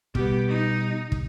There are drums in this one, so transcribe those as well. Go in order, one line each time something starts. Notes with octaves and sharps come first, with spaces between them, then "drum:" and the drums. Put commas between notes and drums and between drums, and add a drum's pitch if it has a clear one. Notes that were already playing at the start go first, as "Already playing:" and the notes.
B2 G3 B3 G4, drum: kick
D#4
drum: kick